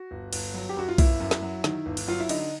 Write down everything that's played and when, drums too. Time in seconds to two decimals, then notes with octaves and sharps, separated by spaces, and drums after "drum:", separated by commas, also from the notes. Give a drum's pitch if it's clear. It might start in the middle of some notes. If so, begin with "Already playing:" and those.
Already playing: F#4
0.11 G1
0.33 G1, drum: cymbal
0.54 F#3
0.69 G4
0.76 F#2 F#4
0.89 F4
0.98 G1 E4, drum: kick B1, cymbal
1.20 F#2
1.31 drum: snare
1.42 F#3
1.64 D#3, drum: snare
1.86 G1
1.97 drum: cymbal
2.07 F#3 F4
2.20 E4
2.29 D3 D#4, drum: cymbal